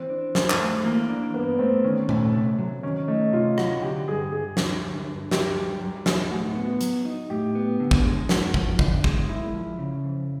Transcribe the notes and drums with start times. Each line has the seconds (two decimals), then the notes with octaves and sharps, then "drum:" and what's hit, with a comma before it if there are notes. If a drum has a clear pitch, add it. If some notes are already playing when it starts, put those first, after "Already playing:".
Already playing: E3 C4
0.10 D4
0.35 G2, drum: snare
0.50 drum: clap
0.60 A3
0.84 E3 A#3
1.09 D4
1.34 G2 B3
1.59 A3 C4
1.84 D#3 C#4
2.09 A3, drum: tom A#2
2.34 C3
2.59 F#3
2.83 D#3 C#4
3.08 A3 D#4
3.33 C3 F4
3.58 F#3 F#4, drum: rim click
3.82 D3 G4
4.08 G2 G#4
4.32 G2 G#4
4.57 G3, drum: snare
4.82 D3
5.07 G2
5.31 G2 G4, drum: snare
5.56 G3
5.81 F#3
6.06 D#4, drum: snare
6.31 A2 F#4
6.55 B3
6.81 F#3, drum: hi-hat
7.05 D#4
7.30 A2 G4
7.55 B3
7.80 D3
7.91 drum: kick
8.05 G#3
8.29 F#2 F#4, drum: snare
8.54 F3, drum: kick
8.79 D3, drum: kick
9.04 G#3, drum: kick
9.29 F#2 E4
9.54 F3
9.79 C#3
10.04 F2